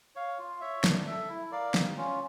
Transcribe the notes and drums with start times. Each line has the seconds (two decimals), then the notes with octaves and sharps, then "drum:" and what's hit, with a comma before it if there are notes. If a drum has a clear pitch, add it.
0.16 C#5 F5
0.38 F4
0.61 C#5 E5
0.84 D4, drum: snare
1.07 A4 E5
1.29 E4
1.52 A#4 D5 F5
1.74 G3, drum: snare
1.97 C#4 F4